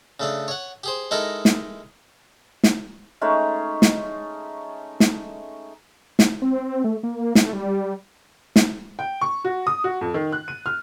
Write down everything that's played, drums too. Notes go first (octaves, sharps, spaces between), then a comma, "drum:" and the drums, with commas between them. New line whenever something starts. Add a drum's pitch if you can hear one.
C#3 A3 D4
C#5 F#5
G4 G#4 C5
G#3 D#4 E4 A4 A#4
drum: snare
drum: snare
G#3 A3 C#4 D#4
drum: snare
drum: snare
drum: snare
C4
A3
A#3
A3, drum: snare
G3
drum: snare
G5
C#6
F#4
D#6
F#4
F2
D#3
F#6
D#7
F6